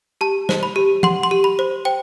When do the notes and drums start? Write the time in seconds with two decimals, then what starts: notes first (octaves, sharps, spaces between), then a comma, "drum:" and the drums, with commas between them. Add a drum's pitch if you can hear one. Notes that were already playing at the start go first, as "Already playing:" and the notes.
0.21 G4 A5
0.49 C5, drum: snare
0.63 B5
0.76 G4
1.03 F#5 C6, drum: tom F3
1.23 C6
1.31 G4
1.44 B5
1.59 C5
1.85 C5 G5